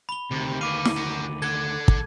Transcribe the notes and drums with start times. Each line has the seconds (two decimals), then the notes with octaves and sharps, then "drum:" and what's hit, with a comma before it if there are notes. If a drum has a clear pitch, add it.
0.09 B5 G7
0.31 D2 C3 D#3
0.61 B4 F5 D6 D#7
0.86 drum: snare
0.96 F#4 A#4
1.42 A4 F#5 G#6
1.88 drum: kick